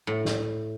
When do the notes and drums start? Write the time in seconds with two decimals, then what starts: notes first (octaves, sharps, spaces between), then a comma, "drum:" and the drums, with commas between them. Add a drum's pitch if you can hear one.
0.07 A2
0.25 drum: snare